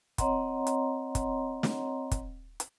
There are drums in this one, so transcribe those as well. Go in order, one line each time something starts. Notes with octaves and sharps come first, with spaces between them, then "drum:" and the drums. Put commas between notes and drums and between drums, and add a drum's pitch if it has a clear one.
C4 C#5 D#5 F#5 A#5 C6, drum: kick, hi-hat
drum: hi-hat
drum: kick, hi-hat
drum: snare
drum: kick, hi-hat
drum: hi-hat